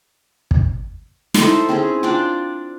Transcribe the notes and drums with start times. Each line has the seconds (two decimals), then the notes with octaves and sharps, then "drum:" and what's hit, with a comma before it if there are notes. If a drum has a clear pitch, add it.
0.51 drum: kick
1.34 D#4 E4 A4 C5, drum: snare
1.69 C4 C#4 G#4
2.03 D4 F4 D5 G5